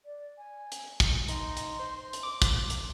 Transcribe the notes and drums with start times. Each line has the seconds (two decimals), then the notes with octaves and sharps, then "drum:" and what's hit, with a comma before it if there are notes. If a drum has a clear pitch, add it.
0.05 D5
0.38 G#5
0.72 drum: hi-hat
1.00 drum: kick, hi-hat
1.28 D#4 C6, drum: hi-hat
1.57 drum: hi-hat
1.79 C5
2.13 drum: hi-hat
2.23 D6
2.42 drum: kick, hi-hat
2.70 drum: hi-hat